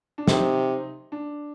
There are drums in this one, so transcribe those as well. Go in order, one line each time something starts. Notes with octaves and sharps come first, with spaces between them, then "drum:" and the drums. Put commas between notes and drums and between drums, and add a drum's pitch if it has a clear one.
D4
C3 D#4, drum: snare
D4